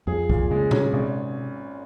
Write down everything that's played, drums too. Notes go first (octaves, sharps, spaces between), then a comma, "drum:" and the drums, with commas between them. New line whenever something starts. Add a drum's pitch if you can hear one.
F2 G#4
A#2, drum: kick
C#3 G#3
C#4, drum: tom A#2
G#1 C3